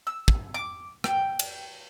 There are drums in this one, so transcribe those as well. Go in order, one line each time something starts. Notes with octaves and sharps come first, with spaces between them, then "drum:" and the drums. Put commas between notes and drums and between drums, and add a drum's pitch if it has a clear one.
E6
drum: kick
D6
G5, drum: rim click
drum: cymbal